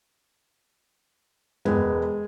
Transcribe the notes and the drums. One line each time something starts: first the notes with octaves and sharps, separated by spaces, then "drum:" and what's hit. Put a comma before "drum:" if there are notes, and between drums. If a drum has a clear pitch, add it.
E1 G#3 B3, drum: tom